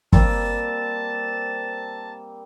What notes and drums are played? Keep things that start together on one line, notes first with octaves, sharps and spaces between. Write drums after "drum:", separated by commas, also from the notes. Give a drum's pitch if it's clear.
G3 A#3 C4 A5, drum: kick